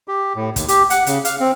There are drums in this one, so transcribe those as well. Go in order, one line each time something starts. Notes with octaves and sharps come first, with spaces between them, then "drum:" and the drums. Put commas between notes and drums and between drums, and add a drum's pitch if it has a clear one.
G4
A2
D#2, drum: kick, hi-hat
G4, drum: hi-hat
F#5, drum: hi-hat
C#3, drum: hi-hat
F5, drum: hi-hat
C4